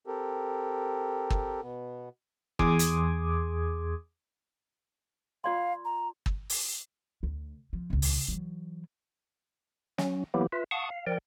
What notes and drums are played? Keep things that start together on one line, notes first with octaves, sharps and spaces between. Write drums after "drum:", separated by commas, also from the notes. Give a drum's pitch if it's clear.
C4 G4 A4 A#4
drum: kick
B2 B3
E2 G#4 C6 D6 D#6 G#6, drum: kick
drum: hi-hat
F4 D5 F5 C6
A#5
drum: kick
drum: open hi-hat
D2
F3
D#1 C#2
drum: open hi-hat
E3 F#3
F#3 C#4, drum: snare
E3 F#3 A#3 B3 E4 G4
F4 B4 E5
F5 F#5 A5 C#6 D#6
F5
F3 A#4 D5 G5